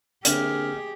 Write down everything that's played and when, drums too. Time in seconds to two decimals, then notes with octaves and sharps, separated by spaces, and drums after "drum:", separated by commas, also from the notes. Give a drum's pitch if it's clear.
0.25 D3 A#3 C4 G4 G#4 F6, drum: hi-hat